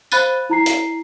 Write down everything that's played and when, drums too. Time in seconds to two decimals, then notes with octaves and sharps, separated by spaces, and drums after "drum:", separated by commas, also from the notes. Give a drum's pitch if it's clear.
0.12 C5 F5 B5 F#6 A6 D#7, drum: tambourine
0.49 E4 A#5 C7
0.66 drum: hi-hat